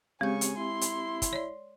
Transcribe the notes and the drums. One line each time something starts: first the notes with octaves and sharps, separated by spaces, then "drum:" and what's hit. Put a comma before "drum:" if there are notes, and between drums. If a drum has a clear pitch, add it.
C#3 G#3 C4 G4 G#5 C#6 G6
drum: hi-hat
E4 C6
drum: hi-hat
drum: kick, hi-hat
C#5 D5